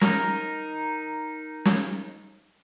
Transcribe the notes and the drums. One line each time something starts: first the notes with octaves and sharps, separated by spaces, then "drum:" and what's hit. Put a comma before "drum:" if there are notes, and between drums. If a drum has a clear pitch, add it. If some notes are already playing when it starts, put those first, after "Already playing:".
D#4 A#4, drum: snare
drum: snare